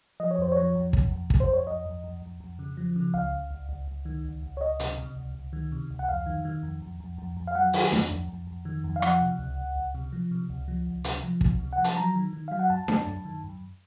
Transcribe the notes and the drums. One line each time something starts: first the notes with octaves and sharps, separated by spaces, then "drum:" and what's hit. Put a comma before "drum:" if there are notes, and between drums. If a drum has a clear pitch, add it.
F3 D#5
C#5
F2 C5
F3 C#5
F2
F2, drum: kick
F2
F2, drum: kick
C5
F2 C#5
F2 D#5
F2
F2
F2
F2
C#3
F3
C#3
C#2 F5
C#2
C#2
C#2
C#2
D#3
C#2
C#2
C#5
C#2 D#5
C3, drum: hi-hat
C3
C#2
C#2
D#3
C3
C#2
F#5
F2 F5
D#3
D#3
F2
F2
F2
F2
F2
F5
F#3 F#5
D#3, drum: open hi-hat
F2, drum: snare D4
F2
F2
F2
D#3
F2
F5
F3 F#5, drum: rim click
C3
C#2
C#2
C#2
C3
F3
C3
C#2
F3
C#2
C3, drum: hi-hat
F3
C#2, drum: kick
C3
F#5
F3
A5, drum: hi-hat
F#3 A#5
D#3
D#3
F#3 F5
F#5
F#2 A5
F#2, drum: snare D4
F#2
D#3
F#2